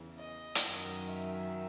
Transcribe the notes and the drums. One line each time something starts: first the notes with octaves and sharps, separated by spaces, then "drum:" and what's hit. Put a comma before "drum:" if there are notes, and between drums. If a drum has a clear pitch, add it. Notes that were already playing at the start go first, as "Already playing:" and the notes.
Already playing: E2 C#3 E3
D#5
drum: hi-hat
F#2 D#3 F#3
E5